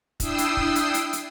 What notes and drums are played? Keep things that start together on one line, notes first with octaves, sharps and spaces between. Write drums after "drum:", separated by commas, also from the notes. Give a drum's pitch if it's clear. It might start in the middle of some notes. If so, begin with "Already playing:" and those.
D4 E4 G5 D#6 E6 C7, drum: kick, hi-hat
drum: hi-hat
drum: kick
drum: hi-hat
drum: hi-hat
drum: hi-hat